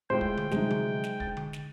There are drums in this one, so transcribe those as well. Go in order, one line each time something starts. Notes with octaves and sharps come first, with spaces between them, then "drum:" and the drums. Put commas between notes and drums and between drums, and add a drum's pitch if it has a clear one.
A2 G#3 F4 C5 G5
drum: kick
drum: tom D3
C3 F3 F#3 G#3 D#4, drum: snare
drum: tom D3
drum: snare
A6, drum: kick
drum: tom D3
drum: snare